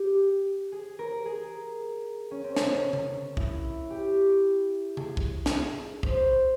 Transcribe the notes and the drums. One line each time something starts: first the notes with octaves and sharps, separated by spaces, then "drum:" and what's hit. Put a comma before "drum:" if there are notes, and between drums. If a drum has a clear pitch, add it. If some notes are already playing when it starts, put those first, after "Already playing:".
Already playing: G4
G#4
A#4
G#4
C#4
C4
C#4, drum: snare
drum: tom C#3
E4, drum: kick
G4
G#4, drum: tom C#3
drum: kick
drum: snare
C5, drum: kick